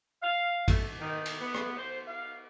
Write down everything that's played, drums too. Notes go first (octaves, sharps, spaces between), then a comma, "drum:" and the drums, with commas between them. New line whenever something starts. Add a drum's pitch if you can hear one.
F5
A3, drum: kick A1, cymbal
D#3
drum: cymbal
B3
drum: rim click
C5
F5